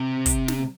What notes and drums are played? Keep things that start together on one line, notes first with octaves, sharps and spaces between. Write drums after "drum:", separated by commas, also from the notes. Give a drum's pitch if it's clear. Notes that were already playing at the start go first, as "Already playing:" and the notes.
Already playing: C3
drum: kick, hi-hat
drum: snare